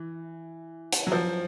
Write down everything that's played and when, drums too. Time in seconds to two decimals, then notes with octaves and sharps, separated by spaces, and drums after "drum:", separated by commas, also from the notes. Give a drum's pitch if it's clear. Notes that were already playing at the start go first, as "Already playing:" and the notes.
Already playing: E3
0.92 drum: hi-hat
1.07 F#3
1.12 F3